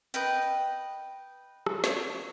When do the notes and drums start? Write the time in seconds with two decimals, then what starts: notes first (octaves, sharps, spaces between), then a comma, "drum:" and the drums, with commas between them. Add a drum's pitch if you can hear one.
0.14 B4 D#5 G5, drum: hi-hat
1.66 drum: rim click
1.84 drum: snare